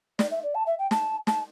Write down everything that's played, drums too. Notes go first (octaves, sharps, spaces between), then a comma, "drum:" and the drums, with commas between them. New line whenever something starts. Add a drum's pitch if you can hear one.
D5, drum: snare
E5
D5
A5
E5
G5
A5, drum: snare
A5, drum: snare